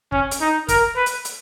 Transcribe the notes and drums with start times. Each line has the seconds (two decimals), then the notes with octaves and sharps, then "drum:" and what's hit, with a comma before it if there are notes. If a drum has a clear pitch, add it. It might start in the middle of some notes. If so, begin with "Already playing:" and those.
0.12 C#4, drum: kick
0.31 drum: hi-hat
0.41 D#4
0.68 A#4, drum: kick, hi-hat
0.96 B4
1.06 drum: hi-hat
1.25 drum: hi-hat